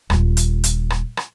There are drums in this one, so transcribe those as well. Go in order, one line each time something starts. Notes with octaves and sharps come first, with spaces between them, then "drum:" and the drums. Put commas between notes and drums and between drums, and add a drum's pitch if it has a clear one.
D#1 F4, drum: rim click
drum: hi-hat
drum: hi-hat
drum: rim click
drum: rim click